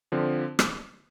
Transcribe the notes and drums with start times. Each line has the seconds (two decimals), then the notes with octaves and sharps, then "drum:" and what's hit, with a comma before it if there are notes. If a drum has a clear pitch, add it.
0.12 D3 F3 C4
0.59 drum: rim click